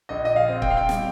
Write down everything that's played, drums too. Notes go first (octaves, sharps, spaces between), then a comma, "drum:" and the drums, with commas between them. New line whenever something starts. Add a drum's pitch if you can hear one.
A#1 D#5
D#5
F5
C4
G5, drum: kick C#1
F5
G5
G3, drum: snare